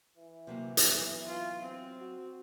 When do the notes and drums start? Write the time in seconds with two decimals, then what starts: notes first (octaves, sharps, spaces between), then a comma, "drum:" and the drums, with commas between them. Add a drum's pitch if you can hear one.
0.17 E3
0.47 C3 F#3 A#3
0.77 F#3 B3, drum: hi-hat
1.27 F4
1.63 C4
1.99 F#4